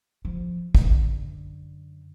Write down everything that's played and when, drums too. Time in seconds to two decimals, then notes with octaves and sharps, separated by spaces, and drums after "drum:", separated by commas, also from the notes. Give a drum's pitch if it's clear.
0.25 F3
0.75 F#2 D3, drum: kick